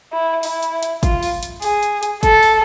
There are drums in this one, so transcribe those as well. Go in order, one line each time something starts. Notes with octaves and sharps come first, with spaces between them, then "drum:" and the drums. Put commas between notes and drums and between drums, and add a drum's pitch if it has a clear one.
E4
E4, drum: open hi-hat
drum: hi-hat
drum: hi-hat
F4, drum: kick, hi-hat
drum: open hi-hat
drum: hi-hat
G#4, drum: open hi-hat
drum: hi-hat
drum: hi-hat
A4, drum: kick, hi-hat
drum: open hi-hat